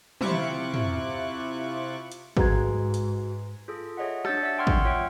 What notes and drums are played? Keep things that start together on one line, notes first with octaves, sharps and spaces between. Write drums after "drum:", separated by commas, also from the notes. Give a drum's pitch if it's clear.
C3 E4 F4 C#6 D6 F#6, drum: tom
drum: tom
drum: hi-hat
G#2 G#3 F#4 B4 A#5 G#6, drum: kick
drum: hi-hat
F4 G#4 A4
G#4 C#5 D#5 E5 F#5
D4 C#5 E6 G6 A6 C#7, drum: rim click
D5 E5 F#5 E6
F#5 G5 C6 C#6 F6 G#6
drum: kick
F4 C#5 E5 F#5 G5